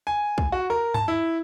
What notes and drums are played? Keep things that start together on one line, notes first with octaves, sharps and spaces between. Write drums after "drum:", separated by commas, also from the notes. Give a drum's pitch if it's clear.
G#5
drum: kick
F#4
A#4
A5, drum: tom G2
E4